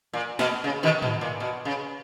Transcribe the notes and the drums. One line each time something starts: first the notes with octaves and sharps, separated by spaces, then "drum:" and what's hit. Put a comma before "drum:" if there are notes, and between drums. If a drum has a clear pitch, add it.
A#2
B2, drum: snare
C#3
B2 D#3
B2, drum: tom G#2
A#2
B2
C#3